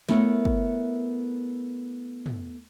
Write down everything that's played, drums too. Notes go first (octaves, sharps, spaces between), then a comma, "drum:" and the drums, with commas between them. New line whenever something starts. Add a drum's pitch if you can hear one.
A3 B3 E4 A#4 C#5, drum: snare
drum: kick
drum: tom